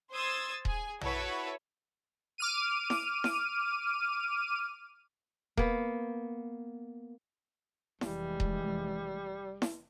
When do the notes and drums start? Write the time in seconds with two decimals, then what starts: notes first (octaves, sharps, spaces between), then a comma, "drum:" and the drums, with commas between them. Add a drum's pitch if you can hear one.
0.12 C5 C6 D#6 E6 G#6 A6
0.65 G#4 G#5, drum: kick D#1
1.01 E4 F#4 A4 B4 C#5, drum: tom A#1
2.38 D6 F6 D#7
2.90 drum: snare E4
3.24 drum: snare E4
5.57 A#3 B3, drum: kick D#1
8.01 F1 E3 G3 G#3, drum: snare E4
8.40 drum: kick D#1
9.62 drum: snare E4